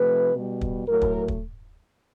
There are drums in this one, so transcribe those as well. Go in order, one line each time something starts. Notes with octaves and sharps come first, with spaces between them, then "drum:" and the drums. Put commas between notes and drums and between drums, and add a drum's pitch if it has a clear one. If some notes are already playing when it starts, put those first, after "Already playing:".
Already playing: C3 F3 A3 B4
B2 G3
drum: kick
A2 F#3 A3 A#4
drum: kick
drum: kick